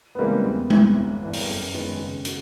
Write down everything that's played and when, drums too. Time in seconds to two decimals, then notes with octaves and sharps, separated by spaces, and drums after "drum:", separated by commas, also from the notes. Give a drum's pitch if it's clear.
0.15 B3
0.19 C#3 E3 G3 G#3 A#3 C4
0.44 E2
0.70 C3 E3, drum: tom G#3
0.96 G1
1.22 G2 E3
1.33 drum: open hi-hat
1.49 F#2
1.74 D#3 G#3 B3
1.99 C#3
2.25 F#4, drum: hi-hat